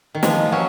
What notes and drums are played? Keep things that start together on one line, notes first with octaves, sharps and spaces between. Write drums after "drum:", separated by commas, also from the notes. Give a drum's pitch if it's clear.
D#3
F3 G#3, drum: snare
F3
F#3 C#4